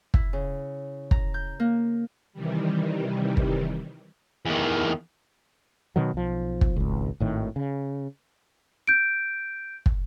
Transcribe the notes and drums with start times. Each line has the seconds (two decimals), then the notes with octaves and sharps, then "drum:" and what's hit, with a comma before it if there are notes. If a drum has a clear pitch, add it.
0.14 E4, drum: kick
0.33 C#3
1.11 A#5, drum: kick
1.34 G6
1.60 A#3
2.33 C3 D#3 E3 G3
3.37 drum: kick
4.46 E2 D#3
5.96 B2 D#3 F#3
6.14 B1 F3
6.61 drum: kick
6.76 G#1 C#2
7.20 G#1 A2 D#3
7.56 C#3
8.87 G6 D7
9.86 drum: kick